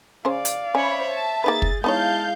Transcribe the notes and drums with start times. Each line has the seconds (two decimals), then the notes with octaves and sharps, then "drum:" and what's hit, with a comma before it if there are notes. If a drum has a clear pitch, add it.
0.25 C#3 C#4 C5 D5 F5
0.45 drum: hi-hat
0.75 C#4 C5 C#5 E5 B5
1.10 A5
1.44 A#3 D#4 G#4 B4 A6
1.62 drum: kick
1.84 G#3 B3 D#4 E4 C#5 F5 A5 G6